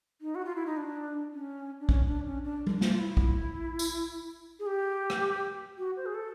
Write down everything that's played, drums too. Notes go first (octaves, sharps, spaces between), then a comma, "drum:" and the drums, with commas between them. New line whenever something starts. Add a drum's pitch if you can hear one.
D#4
F#4
F4
E4
D#4
D4
C#4
D4
C#4, drum: kick A#1
D4
C#4
D4
drum: tom G3
F4, drum: snare
F4
E4
drum: kick A#1
drum: tambourine
G#4
G4
drum: rim click
F#4
C5
G#4
A4